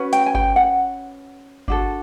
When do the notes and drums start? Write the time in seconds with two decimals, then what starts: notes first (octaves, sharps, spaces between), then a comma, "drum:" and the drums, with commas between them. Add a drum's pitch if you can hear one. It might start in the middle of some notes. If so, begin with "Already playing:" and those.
Already playing: C#4 F#4 B4
0.13 G5, drum: hi-hat
0.26 G#5
0.35 G5, drum: kick G1
0.56 F#5
1.68 D4 F#4 A4, drum: kick G1